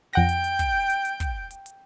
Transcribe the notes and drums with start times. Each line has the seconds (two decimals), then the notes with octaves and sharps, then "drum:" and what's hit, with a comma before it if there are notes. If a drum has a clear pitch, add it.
0.13 F2 F#5 G5 A#6
0.29 drum: hi-hat
0.44 drum: hi-hat
0.59 drum: kick, hi-hat
0.90 drum: hi-hat
1.05 drum: hi-hat
1.20 drum: kick, hi-hat
1.51 drum: hi-hat
1.66 drum: hi-hat